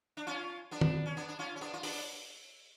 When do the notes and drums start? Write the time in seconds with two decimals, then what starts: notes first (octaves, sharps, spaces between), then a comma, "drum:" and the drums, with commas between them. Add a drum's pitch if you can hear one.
0.17 D4
0.27 C#4 F4
0.71 B3 D4
0.81 drum: tom
1.06 C#4
1.17 B3 D4
1.28 D4
1.39 C#4 F4
1.56 C#4
1.61 B3 D4
1.73 F4
1.83 B3 D4, drum: open hi-hat